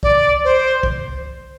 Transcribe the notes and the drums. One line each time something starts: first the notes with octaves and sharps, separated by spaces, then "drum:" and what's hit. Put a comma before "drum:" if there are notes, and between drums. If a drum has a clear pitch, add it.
D5, drum: kick
C5
drum: kick